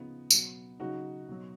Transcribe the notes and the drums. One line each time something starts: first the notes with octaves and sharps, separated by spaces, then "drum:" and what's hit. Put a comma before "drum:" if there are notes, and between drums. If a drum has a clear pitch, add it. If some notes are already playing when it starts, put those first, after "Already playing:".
Already playing: C#3 F3 B3 D#4
B2 F#3, drum: tambourine
C#3 F#3 D#4 F#4
B2 F#3